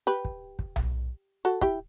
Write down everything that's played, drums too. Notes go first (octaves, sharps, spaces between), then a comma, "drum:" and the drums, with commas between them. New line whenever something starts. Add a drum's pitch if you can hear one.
G4 B4
drum: kick
drum: kick
drum: tom B1
F#4 A4
E4 G4, drum: kick